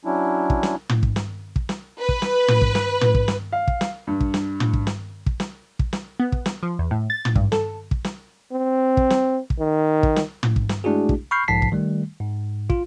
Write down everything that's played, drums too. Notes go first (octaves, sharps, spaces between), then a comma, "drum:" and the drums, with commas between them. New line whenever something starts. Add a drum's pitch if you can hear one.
F#3 C#4 D4 E4
drum: kick
drum: snare
drum: tom
drum: kick
drum: snare
drum: kick
drum: snare
B4
drum: kick
drum: snare
drum: tom
drum: kick
drum: snare
drum: tom
drum: kick
drum: snare
F5
drum: kick
drum: snare
G2
drum: kick
drum: snare
drum: tom
drum: kick
drum: snare
drum: kick
drum: snare
drum: kick
drum: snare
B3
drum: kick
drum: snare
F3
E2
A2
A6
drum: tom
G2, drum: kick
A4, drum: snare
drum: kick
drum: snare
C4
drum: kick
drum: snare
drum: kick
D#3
drum: kick
drum: snare
drum: tom
drum: kick
drum: snare
G#3 A3 D4 E4 F#4 G#4
drum: kick
B5 C#6 F6 G6 C7
B1 G#2 F3 A5 B6 C7
drum: kick
D#3 G3 A3
G#2
F4, drum: kick